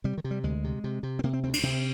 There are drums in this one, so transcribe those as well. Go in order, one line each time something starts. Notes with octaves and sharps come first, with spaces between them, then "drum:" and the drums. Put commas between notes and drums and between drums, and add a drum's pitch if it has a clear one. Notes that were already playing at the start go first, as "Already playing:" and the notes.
C3 G3
D#3
C3
G3
D2 G#3
C3
C3
C3
C4
C3 A#3
C4
D2 C4
D4, drum: cymbal
C3 C4